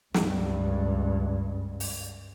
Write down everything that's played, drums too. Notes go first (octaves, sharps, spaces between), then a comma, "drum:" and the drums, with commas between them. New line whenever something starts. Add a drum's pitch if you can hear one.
C#2 G2, drum: snare
drum: open hi-hat